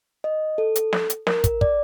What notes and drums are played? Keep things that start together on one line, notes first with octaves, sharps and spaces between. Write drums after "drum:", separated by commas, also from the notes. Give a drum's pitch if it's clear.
D#5
A4
drum: hi-hat
drum: snare
drum: hi-hat
A#4, drum: snare
drum: kick, hi-hat
D5, drum: kick